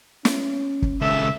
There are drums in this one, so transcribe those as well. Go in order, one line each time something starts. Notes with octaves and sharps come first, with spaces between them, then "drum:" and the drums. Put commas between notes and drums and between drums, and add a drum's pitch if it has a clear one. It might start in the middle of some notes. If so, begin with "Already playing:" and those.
C#4, drum: snare
drum: kick
C#2 A4 E5